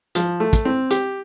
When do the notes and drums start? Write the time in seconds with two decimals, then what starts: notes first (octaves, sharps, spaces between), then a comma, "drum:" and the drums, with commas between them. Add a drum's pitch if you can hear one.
0.15 F3, drum: hi-hat
0.40 A3
0.53 drum: kick, hi-hat
0.65 C4
0.91 G4, drum: hi-hat